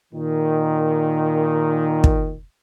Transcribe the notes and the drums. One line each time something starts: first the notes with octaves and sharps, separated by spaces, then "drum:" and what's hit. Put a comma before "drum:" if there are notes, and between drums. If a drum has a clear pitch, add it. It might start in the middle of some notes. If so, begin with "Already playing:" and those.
A#2 D#3
drum: kick